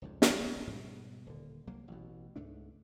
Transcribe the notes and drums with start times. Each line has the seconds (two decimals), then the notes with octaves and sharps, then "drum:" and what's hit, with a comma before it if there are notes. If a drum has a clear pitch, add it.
0.02 F1 C#2 G#2
0.22 drum: snare
0.67 G#2 B2 G3 G#3
1.26 D#1 D3
1.67 C2 F#3 A#3
1.88 A1 B2
2.36 C#2 G#2 A3 D4